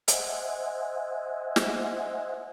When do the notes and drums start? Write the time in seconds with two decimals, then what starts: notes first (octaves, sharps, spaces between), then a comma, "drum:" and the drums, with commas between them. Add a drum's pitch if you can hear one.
0.08 C5 D#5 E5 F#5 G#5, drum: hi-hat
1.56 drum: snare